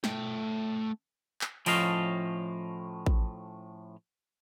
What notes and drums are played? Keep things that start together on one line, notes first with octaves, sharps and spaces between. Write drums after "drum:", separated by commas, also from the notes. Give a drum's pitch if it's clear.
A3 G5, drum: snare
drum: clap
A2 F3 C#4 D#5 F5, drum: open hi-hat
drum: kick A1